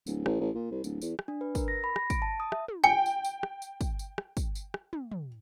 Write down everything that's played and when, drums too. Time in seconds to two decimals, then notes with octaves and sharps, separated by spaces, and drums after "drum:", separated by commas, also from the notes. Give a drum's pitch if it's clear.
0.07 D1, drum: tambourine
0.26 A1, drum: rim click
0.40 A1
0.55 A#2
0.71 C2
0.84 D1, drum: tambourine
1.02 E2, drum: tambourine
1.19 drum: rim click
1.28 D4
1.41 B4
1.55 A#4, drum: kick, tambourine
1.68 A#6
1.84 B5
1.96 A#6, drum: rim click
2.10 D7, drum: kick, tambourine
2.22 A5
2.40 D#6
2.52 E5, drum: rim click
2.68 drum: tom
2.84 G5 G#5 C#7
3.06 drum: tambourine
3.25 drum: tambourine
3.43 drum: rim click
3.62 drum: tambourine
3.81 drum: kick, tambourine
3.99 drum: tambourine
4.18 drum: rim click
4.37 drum: kick, tambourine
4.55 drum: tambourine
4.74 drum: rim click
4.93 drum: tom
5.12 drum: tom